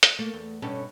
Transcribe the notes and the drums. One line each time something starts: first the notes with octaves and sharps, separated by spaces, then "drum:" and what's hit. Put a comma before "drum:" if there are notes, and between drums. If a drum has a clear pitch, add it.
drum: hi-hat
A3 A#3
E2
G2 B2 C#4 A4